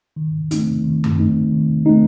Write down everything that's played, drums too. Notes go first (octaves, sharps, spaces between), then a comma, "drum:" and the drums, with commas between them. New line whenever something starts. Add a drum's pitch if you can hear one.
D#3
A3 C4 D#4, drum: hi-hat
D#3
drum: tom F#2
A3 C4 D#4
D#3
A3 C4 D#4